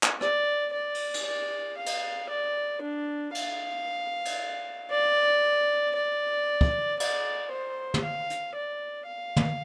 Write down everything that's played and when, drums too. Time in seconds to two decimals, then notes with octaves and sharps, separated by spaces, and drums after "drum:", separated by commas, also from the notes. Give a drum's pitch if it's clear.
0.03 drum: clap
0.21 D5, drum: rim click
0.73 D5
0.94 drum: open hi-hat
1.14 drum: cymbal
1.26 D5
1.77 F5
1.86 drum: cymbal
2.30 D5
2.82 D4
3.35 F5, drum: cymbal
4.25 drum: cymbal
4.91 D5
5.95 D5
6.61 drum: kick
7.00 D5, drum: cymbal
7.52 C5
7.94 drum: tom
8.03 F5
8.30 drum: hi-hat
8.55 D5
9.07 F5
9.36 drum: tom